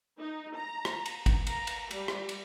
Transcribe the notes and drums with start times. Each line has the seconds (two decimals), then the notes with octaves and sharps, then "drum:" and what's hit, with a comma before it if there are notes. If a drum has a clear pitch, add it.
0.19 D#4
0.56 A#5
0.85 drum: rim click
1.06 drum: cymbal
1.26 drum: kick G#1, cymbal
1.47 A#5, drum: cymbal
1.67 drum: cymbal
1.91 G3, drum: cymbal
2.08 drum: rim click
2.29 drum: cymbal